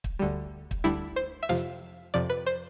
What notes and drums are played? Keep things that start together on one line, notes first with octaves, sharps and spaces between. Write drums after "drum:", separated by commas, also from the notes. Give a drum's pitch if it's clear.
drum: kick
D2 D3 G3
drum: kick
D2 D3 G3 E4
C5
E5
F2 C3 F3 F5, drum: snare
F2 C3 F3 D5
B4
C5